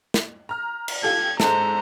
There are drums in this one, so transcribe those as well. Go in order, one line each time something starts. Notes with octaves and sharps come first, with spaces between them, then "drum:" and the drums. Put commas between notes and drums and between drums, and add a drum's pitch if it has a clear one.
drum: snare
A#5 F6
drum: cymbal
F4 G4 A4 G#6
G#2 G#3 A4 C5 A#5, drum: snare